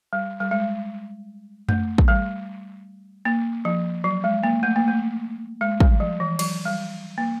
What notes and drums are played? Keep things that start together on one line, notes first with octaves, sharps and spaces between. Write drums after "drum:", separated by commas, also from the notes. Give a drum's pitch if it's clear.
G3
G3
G#3
A3, drum: tom F#2
drum: kick
G3
A#3
F3
F#3
G#3
A#3
A3
A#3
A3
G#3
G3, drum: kick
F3
E3
F#3, drum: cymbal
G3
A#3